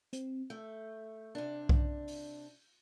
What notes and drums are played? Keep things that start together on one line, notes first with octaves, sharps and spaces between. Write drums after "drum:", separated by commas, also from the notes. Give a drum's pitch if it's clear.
C4, drum: hi-hat
A3 G6
C3 D4
drum: kick B1
drum: open hi-hat